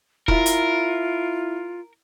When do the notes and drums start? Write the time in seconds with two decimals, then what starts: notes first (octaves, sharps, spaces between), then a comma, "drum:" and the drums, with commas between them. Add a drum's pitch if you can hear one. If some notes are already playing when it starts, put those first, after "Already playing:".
0.28 E4 F4 A#4 E5, drum: kick E1
0.46 drum: hi-hat